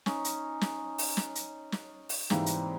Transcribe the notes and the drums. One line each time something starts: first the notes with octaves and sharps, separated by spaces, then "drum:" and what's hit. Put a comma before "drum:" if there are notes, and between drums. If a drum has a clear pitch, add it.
C#4 D#4, drum: snare
drum: hi-hat
drum: snare
drum: open hi-hat
drum: snare
drum: hi-hat
drum: snare
drum: open hi-hat
G#2 C3 E3 G3 A#3 C4, drum: snare
drum: hi-hat